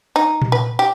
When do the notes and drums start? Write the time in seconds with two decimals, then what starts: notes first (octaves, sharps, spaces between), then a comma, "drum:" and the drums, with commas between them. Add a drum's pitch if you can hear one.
0.16 D#4
0.42 drum: tom A#2
0.52 B4
0.79 G4